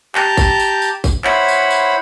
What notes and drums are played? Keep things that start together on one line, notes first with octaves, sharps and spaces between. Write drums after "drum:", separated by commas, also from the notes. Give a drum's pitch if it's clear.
G4 A5 A#5 G6, drum: clap
drum: kick G#1, tambourine
drum: tambourine
drum: tambourine
drum: kick G#1, tambourine
E4 C5 C#5 F#5 B5, drum: clap
drum: tambourine
drum: tambourine